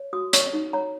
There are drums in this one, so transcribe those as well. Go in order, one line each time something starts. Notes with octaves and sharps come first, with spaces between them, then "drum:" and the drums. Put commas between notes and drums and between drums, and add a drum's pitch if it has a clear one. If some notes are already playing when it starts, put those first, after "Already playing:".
Already playing: C#5
F#4 D#6
C#5 C#6, drum: hi-hat
D#4
C#5 A#5